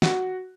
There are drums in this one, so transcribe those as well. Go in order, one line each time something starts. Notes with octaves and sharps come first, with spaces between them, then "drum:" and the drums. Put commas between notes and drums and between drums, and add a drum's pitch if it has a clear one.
F#4, drum: snare